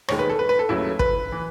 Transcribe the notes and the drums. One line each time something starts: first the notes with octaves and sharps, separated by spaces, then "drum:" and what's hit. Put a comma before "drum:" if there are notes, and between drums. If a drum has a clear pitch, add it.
E1 D#2 D#3 G#3 C#5, drum: rim click
B4
A4
B4
B4
A4
D#2 C#3 F#3 A3 E4
B4, drum: kick
E3